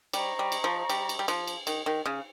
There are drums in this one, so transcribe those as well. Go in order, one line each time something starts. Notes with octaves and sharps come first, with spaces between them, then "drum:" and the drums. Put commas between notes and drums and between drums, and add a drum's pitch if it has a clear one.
G3 C5 D#5 A#5 C#6, drum: cymbal
G3
drum: cymbal
F3
G3, drum: cymbal
drum: cymbal
G3
F3, drum: cymbal
drum: cymbal
D#3, drum: cymbal
D#3
C#3